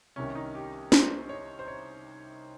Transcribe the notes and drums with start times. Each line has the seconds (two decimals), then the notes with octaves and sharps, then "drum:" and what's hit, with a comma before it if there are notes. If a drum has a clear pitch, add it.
0.16 C2 C3 D#3 C#4
0.35 D#4
0.55 G4
0.92 C5, drum: snare
1.29 C#5
1.59 C5
1.68 C#5